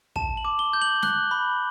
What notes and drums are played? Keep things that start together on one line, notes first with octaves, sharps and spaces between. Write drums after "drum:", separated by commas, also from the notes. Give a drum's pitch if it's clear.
A5 E7, drum: kick
F#7
D6
G7
G6
F#7
F#6 G7, drum: snare
B5